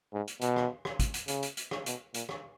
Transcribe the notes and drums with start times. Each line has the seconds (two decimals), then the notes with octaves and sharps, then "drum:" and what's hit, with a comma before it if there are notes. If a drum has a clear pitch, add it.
0.13 G#2
0.28 drum: hi-hat
0.41 B2, drum: hi-hat
0.56 drum: rim click
0.85 drum: rim click
0.99 drum: kick, hi-hat
1.14 drum: hi-hat
1.28 C#3, drum: hi-hat
1.43 drum: hi-hat
1.57 drum: hi-hat
1.71 drum: rim click
1.86 B2, drum: hi-hat
2.14 A#2, drum: hi-hat
2.29 drum: rim click